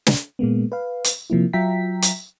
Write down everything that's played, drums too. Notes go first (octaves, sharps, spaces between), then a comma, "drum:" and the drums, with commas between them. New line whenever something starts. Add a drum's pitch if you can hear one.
drum: snare
A#2 G#3 A#3 B3
B4 F5
drum: hi-hat
C3 F3 A#3 E4
F#3 F4 E5 G5 A#5 B6
drum: hi-hat